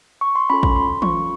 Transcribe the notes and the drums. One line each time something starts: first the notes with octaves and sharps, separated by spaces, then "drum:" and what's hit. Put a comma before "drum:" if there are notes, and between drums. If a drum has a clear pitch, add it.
C#6
C6
C#4 F4 A4 B5
drum: kick
C6
C#4 F4 A4 C#6, drum: tom E3